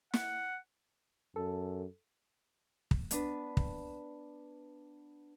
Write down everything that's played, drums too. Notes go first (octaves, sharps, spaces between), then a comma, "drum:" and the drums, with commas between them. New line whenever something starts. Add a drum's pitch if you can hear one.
F#5, drum: snare
F#2 A4
drum: kick
B3 D4 B4, drum: hi-hat
drum: kick